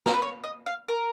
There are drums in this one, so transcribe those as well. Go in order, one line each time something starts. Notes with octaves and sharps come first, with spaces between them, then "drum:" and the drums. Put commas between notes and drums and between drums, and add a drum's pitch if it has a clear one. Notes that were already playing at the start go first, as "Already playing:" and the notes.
A#4, drum: snare
B4
C#5
D#5
F5
A#4